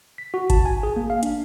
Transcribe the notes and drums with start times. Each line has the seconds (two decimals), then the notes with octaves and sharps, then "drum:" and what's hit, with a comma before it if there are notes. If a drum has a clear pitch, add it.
0.18 B6
0.34 F#4
0.50 A5, drum: kick G#1, hi-hat
0.66 G#5
0.83 G#4
0.97 A#3
1.10 F5
1.23 D4, drum: hi-hat